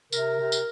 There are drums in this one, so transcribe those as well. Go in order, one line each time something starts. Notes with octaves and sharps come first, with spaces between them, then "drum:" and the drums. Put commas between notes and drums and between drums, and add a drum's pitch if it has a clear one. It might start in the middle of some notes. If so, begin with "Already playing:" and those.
C3 A#4, drum: tambourine
C3
drum: tambourine